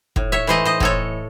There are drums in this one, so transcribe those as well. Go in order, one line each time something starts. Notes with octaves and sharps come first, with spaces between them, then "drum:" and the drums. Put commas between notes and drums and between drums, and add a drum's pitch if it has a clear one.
A2, drum: kick
C#5 E5
E3 A3 C5 D#5
C5 D#5
A2 A4 C#5, drum: kick